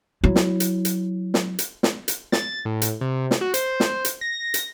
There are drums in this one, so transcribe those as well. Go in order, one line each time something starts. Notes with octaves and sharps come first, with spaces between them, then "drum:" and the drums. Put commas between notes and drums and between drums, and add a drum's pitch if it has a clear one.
F#3 E4
drum: snare
drum: hi-hat
drum: hi-hat
drum: snare
drum: hi-hat
drum: snare
drum: hi-hat
A6, drum: snare
A2
drum: hi-hat
C3
drum: snare
F#4
C5, drum: hi-hat
drum: snare
drum: hi-hat
A#6
drum: hi-hat